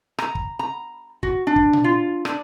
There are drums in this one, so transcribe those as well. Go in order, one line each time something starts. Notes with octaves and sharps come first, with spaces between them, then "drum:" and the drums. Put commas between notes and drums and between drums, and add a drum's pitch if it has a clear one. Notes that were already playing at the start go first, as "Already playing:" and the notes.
A#5, drum: rim click
drum: kick
A#5
F#4, drum: kick
D4
drum: kick
drum: tom A#2
F4
D4, drum: rim click